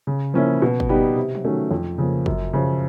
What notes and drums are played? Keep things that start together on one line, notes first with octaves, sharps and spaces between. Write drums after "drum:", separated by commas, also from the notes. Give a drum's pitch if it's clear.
C#3
F3 A#3 C#4 E4
B2
drum: kick
G3 B3 D#4 G4
C3
drum: tom
D#3 F#3 A3 C#4
F2
C#3 F3 A#3
F#2, drum: kick
C#3 F3